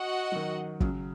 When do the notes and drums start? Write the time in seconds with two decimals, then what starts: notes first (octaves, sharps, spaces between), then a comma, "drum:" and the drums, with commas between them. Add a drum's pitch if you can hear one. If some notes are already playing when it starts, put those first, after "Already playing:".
Already playing: F#4 D#5 F#5
0.32 F#3
0.35 D#3
0.80 C#3 F#3, drum: kick